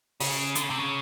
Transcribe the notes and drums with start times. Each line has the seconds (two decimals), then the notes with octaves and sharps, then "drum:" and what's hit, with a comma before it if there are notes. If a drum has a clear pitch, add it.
0.20 C#3, drum: open hi-hat
0.55 D3, drum: hi-hat
0.63 C#3
0.70 C3
0.78 C#3